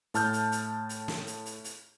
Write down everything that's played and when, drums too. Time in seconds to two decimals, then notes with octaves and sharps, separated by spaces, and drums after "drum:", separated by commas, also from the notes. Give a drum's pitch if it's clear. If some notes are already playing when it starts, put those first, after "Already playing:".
0.14 A2 A5 F6 G6, drum: hi-hat
0.33 drum: hi-hat
0.52 drum: hi-hat
0.89 drum: hi-hat
1.08 drum: snare
1.27 drum: hi-hat
1.46 drum: hi-hat
1.64 drum: hi-hat